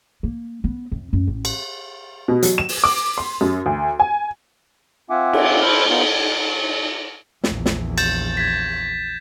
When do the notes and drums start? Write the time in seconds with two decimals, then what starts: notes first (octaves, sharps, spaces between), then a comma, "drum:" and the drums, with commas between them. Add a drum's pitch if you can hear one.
0.23 A#3
0.64 B3
0.92 F2
1.13 F#2
1.27 A1
1.45 drum: cymbal
2.28 B2
2.43 F#3, drum: hi-hat
2.58 E7
2.69 drum: open hi-hat
2.84 D6
3.18 C6
3.41 F#2
3.66 D2
4.00 G#5
5.10 C4 F4 E5 F#5 G#5 D6
5.33 drum: cymbal
5.62 C5 B5 E6 F6
5.90 B3 D#4 F4
7.44 A#1 E2, drum: snare
7.66 drum: snare
7.98 G6 A6 E7, drum: cymbal
8.37 G#6 B6